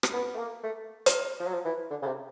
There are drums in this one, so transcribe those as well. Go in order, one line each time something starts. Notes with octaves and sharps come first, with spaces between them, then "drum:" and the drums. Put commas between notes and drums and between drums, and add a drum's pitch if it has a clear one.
drum: rim click
B3
A3
A#3
A3
drum: hi-hat
F3
F#3
F3
E3
D3
C#3
C3